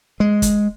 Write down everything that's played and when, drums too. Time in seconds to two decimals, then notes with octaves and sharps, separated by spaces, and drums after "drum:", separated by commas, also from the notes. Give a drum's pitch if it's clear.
0.20 G#3
0.42 drum: kick, hi-hat